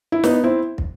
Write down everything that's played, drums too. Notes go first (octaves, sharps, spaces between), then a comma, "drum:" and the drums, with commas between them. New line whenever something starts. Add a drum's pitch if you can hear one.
E4
B3 D#4, drum: snare
C4 E4
drum: kick